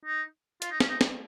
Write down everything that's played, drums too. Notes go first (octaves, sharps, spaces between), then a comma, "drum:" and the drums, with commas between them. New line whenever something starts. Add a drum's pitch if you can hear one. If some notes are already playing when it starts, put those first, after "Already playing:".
D#4
F4, drum: hi-hat
D#4
C#4, drum: snare
D#4
drum: snare